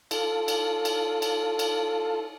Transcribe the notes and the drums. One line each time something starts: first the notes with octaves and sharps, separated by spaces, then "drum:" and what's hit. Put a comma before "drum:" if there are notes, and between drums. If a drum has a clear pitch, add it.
F4 A4, drum: cymbal
drum: cymbal
drum: cymbal
drum: cymbal
drum: cymbal